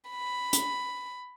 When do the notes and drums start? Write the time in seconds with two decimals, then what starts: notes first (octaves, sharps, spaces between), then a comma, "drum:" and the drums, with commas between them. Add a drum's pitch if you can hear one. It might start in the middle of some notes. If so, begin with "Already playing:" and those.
0.10 B5
0.53 drum: hi-hat